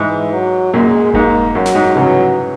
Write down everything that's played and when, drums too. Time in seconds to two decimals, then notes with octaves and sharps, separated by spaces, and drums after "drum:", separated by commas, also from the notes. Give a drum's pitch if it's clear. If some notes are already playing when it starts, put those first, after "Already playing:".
Already playing: G#2 E3
0.33 F#3
0.73 F#2 A#2 G#3
1.14 G#2 A#3, drum: kick F1
1.55 F#2 F#3
1.66 drum: snare
1.75 G#2
1.95 C#3 E3 F#3